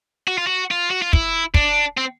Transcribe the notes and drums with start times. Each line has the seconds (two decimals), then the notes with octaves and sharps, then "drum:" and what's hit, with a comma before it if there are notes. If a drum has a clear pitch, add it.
0.28 F#4
0.38 F4
0.47 F#4
0.71 F4
0.90 F#4
1.02 F4
1.13 E4, drum: kick
1.54 D4, drum: kick
1.97 C4